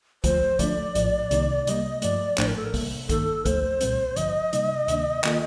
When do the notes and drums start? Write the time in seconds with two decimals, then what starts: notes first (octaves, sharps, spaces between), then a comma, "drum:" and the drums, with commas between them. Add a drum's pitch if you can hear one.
0.24 D2 D3 F3 A3 C5, drum: kick, hi-hat
0.59 D3 F3 A3 D4 D5, drum: kick, hi-hat
0.95 A#1 A2 F3, drum: hi-hat
1.31 C2 C3 D#3 A#3 D#4, drum: hi-hat
1.67 C3 G3 A#3 D#5, drum: hi-hat
2.02 G2 F3 A3 D5, drum: hi-hat
2.38 A1 A2 F3 A3 D4 C5, drum: clap
2.47 A#4
2.56 A4
2.65 A#4
2.74 C3 G3 A#3, drum: kick, open hi-hat
3.09 A1 G2 D#3 A#3 D#4 A4, drum: kick, hi-hat
3.46 D2 D3 F3 A3 D#4 C5, drum: kick, hi-hat
3.81 C2 A#2 G3 C4, drum: hi-hat
4.16 A1 G2 D3 F3 D#5, drum: hi-hat
4.53 C3 G3 A#3 D#4, drum: hi-hat
4.88 D2 C3 D#3 A#3 D4, drum: hi-hat
5.24 D#3 A#3 F4 A4, drum: clap